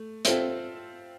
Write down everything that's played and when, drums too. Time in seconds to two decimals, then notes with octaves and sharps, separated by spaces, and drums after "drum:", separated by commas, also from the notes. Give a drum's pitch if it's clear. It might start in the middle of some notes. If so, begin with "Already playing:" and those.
Already playing: A3
0.25 C4 F4 A4 C5 E5, drum: hi-hat